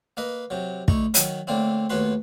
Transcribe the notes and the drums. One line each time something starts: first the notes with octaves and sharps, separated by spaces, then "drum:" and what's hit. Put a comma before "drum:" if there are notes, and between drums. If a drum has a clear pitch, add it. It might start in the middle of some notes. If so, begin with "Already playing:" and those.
A#3 B4 D#5
C3 F#3
D2 D#4 E4 C#6, drum: kick
D#3 F#3, drum: hi-hat
A2 D3 A#3 C4 E4
D#2 A2 B3 F#4 B4 C6